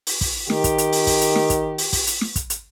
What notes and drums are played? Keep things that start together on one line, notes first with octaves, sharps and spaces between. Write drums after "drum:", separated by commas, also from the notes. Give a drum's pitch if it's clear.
drum: open hi-hat
drum: kick, open hi-hat
D#3 G4, drum: snare
drum: kick, hi-hat
drum: hi-hat
drum: open hi-hat
drum: kick, open hi-hat
drum: hi-hat
drum: snare
drum: kick, hi-hat
drum: open hi-hat
drum: kick, open hi-hat
drum: hi-hat
drum: snare
drum: kick, hi-hat
drum: hi-hat